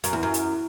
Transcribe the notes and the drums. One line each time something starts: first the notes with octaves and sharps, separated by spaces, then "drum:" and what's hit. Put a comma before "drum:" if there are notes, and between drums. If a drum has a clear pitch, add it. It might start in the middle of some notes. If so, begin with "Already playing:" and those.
F#2, drum: hi-hat
E2
F#2
drum: hi-hat